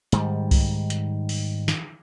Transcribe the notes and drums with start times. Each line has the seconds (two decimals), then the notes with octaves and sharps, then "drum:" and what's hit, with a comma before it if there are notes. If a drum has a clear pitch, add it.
0.12 G#2 D#3 G3, drum: hi-hat
0.51 drum: kick C2, open hi-hat
0.90 drum: hi-hat
1.29 drum: open hi-hat
1.68 drum: snare